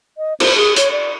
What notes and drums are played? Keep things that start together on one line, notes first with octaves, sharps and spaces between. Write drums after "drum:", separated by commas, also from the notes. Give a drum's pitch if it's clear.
D#5
C5, drum: cymbal
G#4
C#5, drum: hi-hat
D5